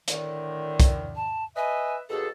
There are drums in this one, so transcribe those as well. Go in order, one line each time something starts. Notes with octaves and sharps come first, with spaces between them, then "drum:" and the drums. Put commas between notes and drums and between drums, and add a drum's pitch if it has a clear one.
A2 D3 D#3, drum: hi-hat
drum: kick, hi-hat
A5
B4 D#5 E5 G#5
D#2 B2 G#4 A4